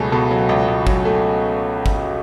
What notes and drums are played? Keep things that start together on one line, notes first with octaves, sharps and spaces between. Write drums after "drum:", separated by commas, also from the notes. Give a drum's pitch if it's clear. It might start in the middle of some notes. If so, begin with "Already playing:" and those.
Already playing: C#2 B2 F#3 A3 G#4 A4
B2 A4
F#3
C#2
C#2
F#3, drum: kick
A3
drum: kick